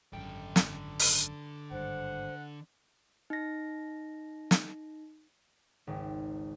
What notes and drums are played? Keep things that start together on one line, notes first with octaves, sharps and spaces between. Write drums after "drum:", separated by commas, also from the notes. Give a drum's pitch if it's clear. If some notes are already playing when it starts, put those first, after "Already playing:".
G#1 F#2 D3 G5
drum: snare
drum: open hi-hat
G#1 G2 C5 F#5
D#4 A#6
drum: snare
G#1 C#2 C#4